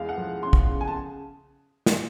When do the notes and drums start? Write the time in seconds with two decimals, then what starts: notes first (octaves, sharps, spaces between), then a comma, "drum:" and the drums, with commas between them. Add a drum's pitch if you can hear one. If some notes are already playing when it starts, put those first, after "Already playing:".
Already playing: E2 G#3 F5
0.09 F#5
0.18 F3
0.43 C#4 C6
0.53 drum: kick
0.69 C#3
0.81 G#5
0.88 A5
1.86 drum: snare